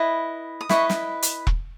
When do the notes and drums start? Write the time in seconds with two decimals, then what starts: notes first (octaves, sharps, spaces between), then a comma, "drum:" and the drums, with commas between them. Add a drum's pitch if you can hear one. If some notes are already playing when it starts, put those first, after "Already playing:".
Already playing: E4 B4 D#5
0.61 D#6
0.69 E4 B4 D#5 C#6, drum: snare
0.90 drum: snare
1.22 drum: hi-hat
1.47 drum: kick E1